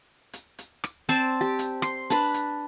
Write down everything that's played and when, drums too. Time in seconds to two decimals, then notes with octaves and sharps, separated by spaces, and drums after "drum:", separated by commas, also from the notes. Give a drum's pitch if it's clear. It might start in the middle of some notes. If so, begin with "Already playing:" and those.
0.33 drum: hi-hat
0.59 drum: hi-hat
0.84 drum: rim click
1.09 C4 C5 D5 A5, drum: hi-hat
1.41 G4
1.59 drum: hi-hat
1.82 C6, drum: rim click
2.10 D4 B4, drum: hi-hat
2.34 drum: hi-hat